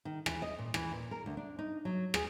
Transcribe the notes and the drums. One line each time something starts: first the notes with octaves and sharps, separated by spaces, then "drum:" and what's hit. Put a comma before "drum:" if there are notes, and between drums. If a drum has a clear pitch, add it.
D#3
E3, drum: rim click
D#5
A#2
E3, drum: rim click
A#2
A#4
D2
D4
D#4
F#3
G#4, drum: rim click